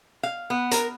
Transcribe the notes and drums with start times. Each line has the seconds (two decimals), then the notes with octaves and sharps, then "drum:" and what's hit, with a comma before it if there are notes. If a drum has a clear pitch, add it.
0.23 F5
0.50 B3
0.71 A#4, drum: hi-hat